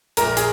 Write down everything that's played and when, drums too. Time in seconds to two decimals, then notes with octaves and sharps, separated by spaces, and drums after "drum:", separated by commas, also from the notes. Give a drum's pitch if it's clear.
0.17 A#1 A#2 A#4, drum: hi-hat
0.37 G#4, drum: hi-hat